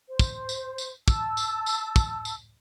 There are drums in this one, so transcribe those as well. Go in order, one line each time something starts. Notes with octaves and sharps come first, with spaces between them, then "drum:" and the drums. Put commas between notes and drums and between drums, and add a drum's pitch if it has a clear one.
C5
drum: kick, tambourine
drum: tambourine
drum: tambourine
A5 E6, drum: kick, tambourine
drum: tambourine
drum: tambourine
drum: kick, tambourine
drum: tambourine